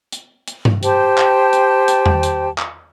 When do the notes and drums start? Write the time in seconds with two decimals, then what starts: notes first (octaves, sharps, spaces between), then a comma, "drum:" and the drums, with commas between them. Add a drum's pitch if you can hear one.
0.12 drum: hi-hat
0.48 drum: hi-hat
0.65 drum: tom G2
0.83 G4 C5 G5 A5, drum: hi-hat
1.18 drum: clap
1.53 drum: hi-hat
1.88 drum: hi-hat
2.06 drum: tom E2
2.23 drum: hi-hat
2.58 drum: clap